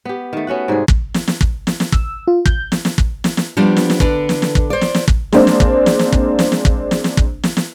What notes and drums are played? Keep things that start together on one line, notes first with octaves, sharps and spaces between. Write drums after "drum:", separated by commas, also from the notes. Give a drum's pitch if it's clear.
B3 G4
D#3 A3
B3 C#4 F#4 F#5
G#2 C3 G3 G#4
drum: kick
drum: snare
drum: snare
drum: kick
drum: snare
drum: snare
E6, drum: kick
F4
G6, drum: kick
drum: snare
drum: snare
drum: kick
drum: snare
drum: snare
F3 G3 B3 D4
drum: snare
drum: snare
D3 D4 A4 B4, drum: kick
drum: snare
drum: snare
drum: kick
C5 D5
drum: snare
drum: snare
drum: kick
G#3 A#3 C4 D4, drum: snare
drum: snare
drum: kick
drum: snare
drum: snare
drum: kick
drum: snare
drum: snare
drum: kick
drum: snare
drum: snare
drum: kick
drum: snare
drum: snare